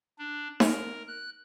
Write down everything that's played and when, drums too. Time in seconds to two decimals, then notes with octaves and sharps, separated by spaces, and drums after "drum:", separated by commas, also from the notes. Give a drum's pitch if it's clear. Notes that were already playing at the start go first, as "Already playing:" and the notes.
0.18 D4
0.60 A#4, drum: snare D#4
1.08 F#6